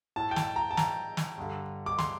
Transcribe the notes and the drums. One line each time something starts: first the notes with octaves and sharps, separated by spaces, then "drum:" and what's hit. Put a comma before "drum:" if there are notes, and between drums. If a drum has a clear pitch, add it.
A2 A5
G5
A5, drum: snare
A#5
A5
A#5, drum: snare
drum: snare
G2 D3
D6
C6, drum: snare